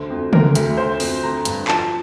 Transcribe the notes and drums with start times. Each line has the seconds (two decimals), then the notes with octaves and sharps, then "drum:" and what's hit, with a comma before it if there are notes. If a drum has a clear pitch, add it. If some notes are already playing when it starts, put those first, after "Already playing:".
Already playing: D2 D3 C5
0.10 F2
0.33 D3 A#4, drum: tom C#3
0.55 D2, drum: hi-hat
0.77 D3 C5
1.00 F2, drum: open hi-hat
1.23 D3 A#5
1.45 G2, drum: hi-hat
1.68 F3 A5, drum: clap